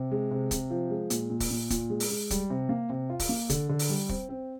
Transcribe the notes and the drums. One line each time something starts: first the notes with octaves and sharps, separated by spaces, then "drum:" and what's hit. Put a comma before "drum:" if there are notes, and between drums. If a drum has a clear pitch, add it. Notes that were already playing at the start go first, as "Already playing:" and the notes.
Already playing: C3
G#3
C3
C3, drum: kick, hi-hat
F3
G#3
A#2, drum: hi-hat
A#2
drum: kick, open hi-hat
A#2
A#2, drum: kick, hi-hat
G#3
drum: open hi-hat
G#3
G3, drum: kick, hi-hat
C3
A#3
C3
F4
drum: kick, open hi-hat
A#3
D3, drum: kick, hi-hat
D3
drum: open hi-hat
G3
C4, drum: kick
C4